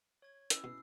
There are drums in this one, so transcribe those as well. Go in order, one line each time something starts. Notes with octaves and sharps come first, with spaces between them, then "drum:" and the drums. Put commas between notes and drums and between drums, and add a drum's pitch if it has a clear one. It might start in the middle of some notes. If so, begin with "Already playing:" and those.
C#5 G#6
C#4 E4 E6, drum: hi-hat
B2 C7